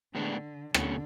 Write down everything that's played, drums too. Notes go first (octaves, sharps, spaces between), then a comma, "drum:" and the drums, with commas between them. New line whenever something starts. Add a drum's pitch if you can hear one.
A2 D3 G#3 B3 D4
B2 D3 A3 C#4, drum: rim click